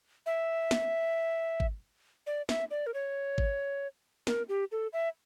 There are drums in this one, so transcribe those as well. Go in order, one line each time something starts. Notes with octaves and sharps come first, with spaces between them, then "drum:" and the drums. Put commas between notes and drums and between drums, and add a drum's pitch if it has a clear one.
E5
drum: snare
drum: kick G#1
D5
E5, drum: snare
D5
A#4
C#5
drum: kick G#1
A#4, drum: snare
G4
A4
E5